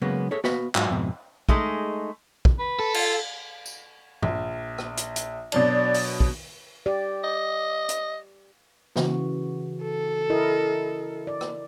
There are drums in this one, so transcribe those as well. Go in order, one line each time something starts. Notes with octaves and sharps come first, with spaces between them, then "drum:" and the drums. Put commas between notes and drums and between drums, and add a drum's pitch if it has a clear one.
C#3 F#3 G#3 A#3 B3
G#4 A4 C#5 E5
B3 F#4 B4 F5 B5, drum: snare
G#2 F#3 F4 F#4, drum: clap
F2 G#2 B2
G#3 A3 D#4 G#4, drum: kick
drum: kick
B4
A4
F4, drum: cymbal
drum: tambourine
A#1, drum: tom G2
drum: rim click
drum: hi-hat
drum: hi-hat
B2 F#3 D4 D5, drum: cymbal
drum: open hi-hat
drum: kick
G4 D5
D#5
drum: hi-hat
C#3 E3 F#4, drum: snare
A4
E4 A#4 D#5
D5
drum: rim click